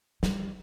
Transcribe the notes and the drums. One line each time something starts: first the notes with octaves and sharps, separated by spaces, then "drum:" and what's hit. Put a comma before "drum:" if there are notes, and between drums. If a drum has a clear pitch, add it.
G3, drum: snare